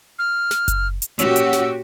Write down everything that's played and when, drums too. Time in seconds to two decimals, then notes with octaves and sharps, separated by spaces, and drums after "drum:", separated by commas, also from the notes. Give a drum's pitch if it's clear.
0.19 F6
0.51 drum: snare
0.68 drum: kick F#1, hi-hat
1.02 drum: hi-hat
1.19 A#2 C#4 F#4 G4 C#5 F#5 E6, drum: hi-hat
1.36 drum: hi-hat
1.53 drum: snare